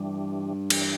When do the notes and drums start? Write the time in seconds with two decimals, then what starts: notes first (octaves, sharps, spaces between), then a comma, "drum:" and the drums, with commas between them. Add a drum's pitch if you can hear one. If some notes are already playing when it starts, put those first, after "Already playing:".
Already playing: G2 E3 G3 D4
0.70 E3 G3 D4, drum: cymbal